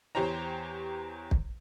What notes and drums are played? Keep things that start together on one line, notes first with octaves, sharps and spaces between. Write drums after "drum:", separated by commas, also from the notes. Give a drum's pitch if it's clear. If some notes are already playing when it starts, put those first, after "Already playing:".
E2 G4 C5 C#5 A#5
drum: kick